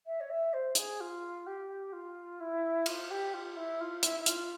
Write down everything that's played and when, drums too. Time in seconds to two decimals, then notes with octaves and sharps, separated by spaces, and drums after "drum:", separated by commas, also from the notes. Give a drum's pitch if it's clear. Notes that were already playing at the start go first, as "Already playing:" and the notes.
0.06 E5
0.20 C#5
0.29 E5
0.53 C5
0.75 G#4, drum: hi-hat
1.00 F4
1.46 G4
1.92 F4
2.40 E4
2.86 F4, drum: cymbal
3.10 G4
3.33 F4
3.55 E4
3.80 F4
4.03 E4, drum: hi-hat
4.19 E4
4.26 F4, drum: hi-hat